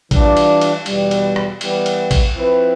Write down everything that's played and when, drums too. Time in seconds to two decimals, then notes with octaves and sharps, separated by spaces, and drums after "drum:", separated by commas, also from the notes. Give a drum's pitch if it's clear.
0.11 E3 G3 D4 F4, drum: kick A1, cymbal
0.37 drum: cymbal
0.61 drum: cymbal
0.86 E2 B2 G3, drum: cymbal
1.11 drum: cymbal
1.36 drum: rim click
1.61 E3 G3 B3, drum: cymbal
1.86 drum: cymbal
2.11 drum: kick A1, cymbal
2.35 F3 C4 E4 B4